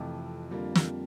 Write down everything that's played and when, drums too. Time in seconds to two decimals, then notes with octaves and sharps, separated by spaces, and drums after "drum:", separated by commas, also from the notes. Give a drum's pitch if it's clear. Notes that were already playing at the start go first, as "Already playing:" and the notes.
Already playing: F2 C3 E3 A3
0.51 D3 G3 A#3 F4
0.75 drum: snare